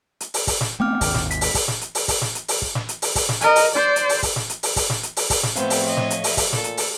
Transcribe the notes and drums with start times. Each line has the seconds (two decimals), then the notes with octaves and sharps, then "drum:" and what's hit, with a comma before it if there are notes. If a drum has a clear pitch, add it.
0.20 drum: hi-hat
0.34 drum: open hi-hat
0.47 drum: kick, open hi-hat
0.61 drum: snare
0.80 A3 B3 C4 G5 D6 F6
1.01 G#1 D#2, drum: kick, open hi-hat
1.14 drum: snare
1.31 B6, drum: hi-hat
1.41 drum: open hi-hat
1.55 drum: kick, open hi-hat
1.68 drum: snare
1.81 drum: hi-hat
1.95 drum: open hi-hat
2.08 drum: kick, open hi-hat
2.22 drum: snare
2.35 drum: hi-hat
2.48 drum: open hi-hat
2.62 drum: kick
2.75 drum: snare
2.89 drum: hi-hat
3.02 drum: open hi-hat
3.15 drum: kick, open hi-hat
3.29 drum: snare
3.41 A#4 D#5, drum: hi-hat
3.56 drum: open hi-hat
3.75 C5 D5
3.96 drum: hi-hat
4.09 drum: open hi-hat
4.23 drum: kick, open hi-hat
4.36 drum: snare
4.49 drum: hi-hat
4.63 drum: open hi-hat
4.76 drum: kick, open hi-hat
4.90 drum: snare
5.03 drum: hi-hat
5.17 drum: open hi-hat
5.30 drum: kick, open hi-hat
5.43 drum: snare
5.56 A2 F3 B3 C4 C5 C#5 E5 F5, drum: hi-hat
5.70 drum: open hi-hat
5.88 D#5
5.97 drum: snare
6.10 drum: hi-hat
6.24 drum: open hi-hat
6.37 drum: kick, open hi-hat
6.53 A#2 A4, drum: snare
6.64 drum: hi-hat
6.77 drum: open hi-hat